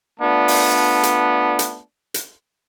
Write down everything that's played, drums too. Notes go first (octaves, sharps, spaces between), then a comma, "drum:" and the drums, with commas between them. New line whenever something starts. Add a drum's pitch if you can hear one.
A3 B3 D4 F4 D5 A5
drum: open hi-hat
drum: hi-hat
drum: hi-hat
drum: hi-hat